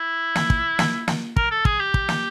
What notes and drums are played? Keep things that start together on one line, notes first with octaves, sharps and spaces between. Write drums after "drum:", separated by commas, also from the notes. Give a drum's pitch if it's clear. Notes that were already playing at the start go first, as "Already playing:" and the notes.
Already playing: E4
drum: snare
drum: kick
drum: snare
drum: snare
A#4, drum: kick
A4
G#4, drum: kick
G4
drum: kick
drum: snare